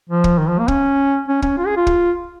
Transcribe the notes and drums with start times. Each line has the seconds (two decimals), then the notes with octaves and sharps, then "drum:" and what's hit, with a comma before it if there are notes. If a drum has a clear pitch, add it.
0.09 F3
0.24 drum: kick
0.38 D#3
0.48 F3
0.59 A#3
0.68 C#4, drum: kick
1.28 C#4
1.42 C#4, drum: kick
1.58 F4
1.67 G#4
1.76 F4
1.87 drum: kick